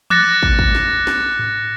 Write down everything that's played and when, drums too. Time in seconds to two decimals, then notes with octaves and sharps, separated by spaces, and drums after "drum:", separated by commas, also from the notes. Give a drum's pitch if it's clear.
0.10 D6 F#6 A6 A#6 C#7, drum: tom E3
0.43 drum: kick
0.59 drum: kick
0.75 drum: snare
1.07 drum: snare
1.39 drum: tom G#2